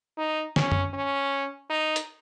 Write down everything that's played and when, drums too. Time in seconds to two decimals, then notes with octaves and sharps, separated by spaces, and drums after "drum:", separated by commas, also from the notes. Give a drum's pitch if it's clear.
0.18 D#4
0.56 C#4, drum: snare
0.72 drum: tom F#2
0.94 C#4
1.70 D#4
1.96 drum: hi-hat